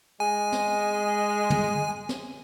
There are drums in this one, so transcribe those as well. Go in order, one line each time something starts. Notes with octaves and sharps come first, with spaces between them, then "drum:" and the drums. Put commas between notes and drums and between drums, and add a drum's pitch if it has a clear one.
G#3 G#5
drum: snare
drum: tom
drum: snare